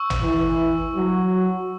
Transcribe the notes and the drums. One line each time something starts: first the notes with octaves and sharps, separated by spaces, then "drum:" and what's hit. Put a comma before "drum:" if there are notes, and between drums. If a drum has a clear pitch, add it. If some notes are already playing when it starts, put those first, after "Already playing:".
Already playing: C#6 E6
drum: tom
E3
F#3